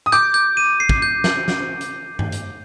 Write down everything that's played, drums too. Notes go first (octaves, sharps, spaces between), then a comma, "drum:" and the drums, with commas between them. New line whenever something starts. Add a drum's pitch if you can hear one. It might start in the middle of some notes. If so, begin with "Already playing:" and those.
D#6
D6 G6
G6
D#7
C7
drum: kick
G6
G6, drum: snare
drum: snare
drum: hi-hat
drum: tom G2
drum: hi-hat